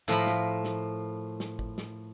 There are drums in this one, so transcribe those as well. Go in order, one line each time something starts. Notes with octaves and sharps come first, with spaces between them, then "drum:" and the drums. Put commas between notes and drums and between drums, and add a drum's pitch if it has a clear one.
A2 F3 A#4 B5
drum: snare
drum: snare
drum: snare
drum: kick
drum: snare